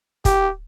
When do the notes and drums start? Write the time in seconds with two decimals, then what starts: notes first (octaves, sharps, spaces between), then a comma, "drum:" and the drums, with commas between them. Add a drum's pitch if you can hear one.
0.25 G4, drum: kick, hi-hat